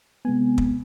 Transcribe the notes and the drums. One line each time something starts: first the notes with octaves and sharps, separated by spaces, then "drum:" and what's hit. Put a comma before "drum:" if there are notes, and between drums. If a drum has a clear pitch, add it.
C3 G#3 B3 G#5
drum: kick